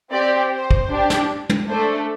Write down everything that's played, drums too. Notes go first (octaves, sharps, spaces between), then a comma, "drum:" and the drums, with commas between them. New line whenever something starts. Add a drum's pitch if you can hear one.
C4 G4 D5
C5
drum: kick
D4 G4
drum: snare
drum: tom
A3 D4 A4 C5